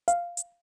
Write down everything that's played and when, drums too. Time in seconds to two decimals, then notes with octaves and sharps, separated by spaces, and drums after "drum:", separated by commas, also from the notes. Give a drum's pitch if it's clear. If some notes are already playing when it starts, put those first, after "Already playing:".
0.08 F5, drum: hi-hat
0.37 drum: hi-hat